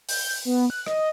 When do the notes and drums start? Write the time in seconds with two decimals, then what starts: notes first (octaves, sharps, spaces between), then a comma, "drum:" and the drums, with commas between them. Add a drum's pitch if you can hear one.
0.09 G6, drum: open hi-hat
0.45 B3
0.70 F#6
0.86 D#5, drum: rim click